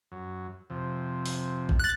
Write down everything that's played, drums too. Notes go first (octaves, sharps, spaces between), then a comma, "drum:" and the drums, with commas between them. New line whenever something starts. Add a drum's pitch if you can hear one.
F#2
F2 C3
drum: open hi-hat
drum: kick A1
F#6 A6